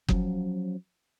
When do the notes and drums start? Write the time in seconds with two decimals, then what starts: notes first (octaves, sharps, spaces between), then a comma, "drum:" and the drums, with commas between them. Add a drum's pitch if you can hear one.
0.08 F3 F#3 C#4, drum: kick F#1